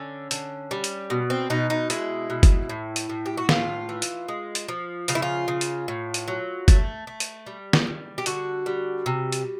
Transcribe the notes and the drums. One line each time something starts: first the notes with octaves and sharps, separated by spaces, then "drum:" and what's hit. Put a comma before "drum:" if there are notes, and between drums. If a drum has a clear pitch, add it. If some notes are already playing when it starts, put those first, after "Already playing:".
Already playing: D3 C#4
D3, drum: hi-hat
G3
drum: hi-hat
B2
C4
B2 D#4
D#4
G#3 E4, drum: hi-hat
B2
drum: kick G1, hi-hat
A2
drum: hi-hat
A2
G4
F#4
A2 F4, drum: snare
E3
drum: hi-hat
G#3
drum: hi-hat
F3
C#3 F4, drum: hi-hat
E4
F4
C#3
drum: hi-hat
A2
drum: hi-hat
F#3
A3, drum: kick G1, hi-hat
A3
drum: hi-hat
G3
drum: snare
G3
G4
D3 F#4, drum: hi-hat
G3
C3
drum: hi-hat